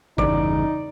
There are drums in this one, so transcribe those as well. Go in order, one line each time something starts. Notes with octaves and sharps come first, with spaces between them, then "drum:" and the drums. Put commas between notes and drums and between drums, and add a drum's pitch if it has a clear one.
G1 E2 C#3 D#4 D5, drum: kick